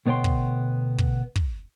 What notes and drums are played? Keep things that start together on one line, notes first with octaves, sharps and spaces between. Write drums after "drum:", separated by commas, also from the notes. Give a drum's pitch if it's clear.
D2 B2 B3 C#5 G5 C6
drum: kick
drum: kick
drum: kick